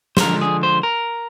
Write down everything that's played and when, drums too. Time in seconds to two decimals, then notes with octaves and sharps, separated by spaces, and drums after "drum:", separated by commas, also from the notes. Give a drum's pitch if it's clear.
0.17 C5, drum: snare
0.20 D3 F3 G#3 A#4
0.41 G#4
0.63 C5
0.83 A#4